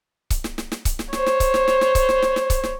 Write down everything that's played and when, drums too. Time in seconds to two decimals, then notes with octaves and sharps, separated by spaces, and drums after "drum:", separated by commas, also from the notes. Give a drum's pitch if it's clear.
0.30 drum: kick C#1, hi-hat
0.44 drum: snare
0.58 drum: snare
0.72 drum: snare
0.85 drum: kick C#1, hi-hat
0.99 drum: snare
1.13 C5 C#5, drum: snare
1.26 drum: snare
1.40 drum: kick C#1, hi-hat
1.54 drum: snare
1.68 drum: snare
1.81 drum: snare
1.95 drum: kick C#1, hi-hat
2.09 drum: snare
2.22 drum: snare
2.36 drum: snare
2.50 drum: kick C#1, hi-hat
2.64 drum: snare